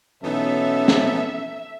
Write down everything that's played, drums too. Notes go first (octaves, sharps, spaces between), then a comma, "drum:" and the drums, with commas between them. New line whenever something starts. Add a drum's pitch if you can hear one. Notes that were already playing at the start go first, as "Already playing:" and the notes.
B2 E3 F#3 B3 C#4 D#4 A4 E5
drum: snare